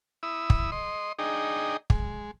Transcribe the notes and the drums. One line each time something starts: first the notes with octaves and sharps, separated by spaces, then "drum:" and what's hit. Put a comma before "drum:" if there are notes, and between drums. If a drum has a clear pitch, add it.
E4 B5 D#6 E6
drum: kick
D#5 C6
D4 D#4 G#4 D#5 G5 A#5
G#3, drum: kick